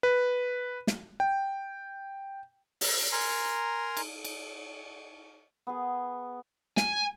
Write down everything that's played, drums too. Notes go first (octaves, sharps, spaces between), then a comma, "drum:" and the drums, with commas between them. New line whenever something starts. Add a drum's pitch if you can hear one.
B4
drum: snare
G5
drum: open hi-hat
A#4 G#5 A#5 C6
drum: cymbal
drum: cymbal
B3 G#4
G#5, drum: snare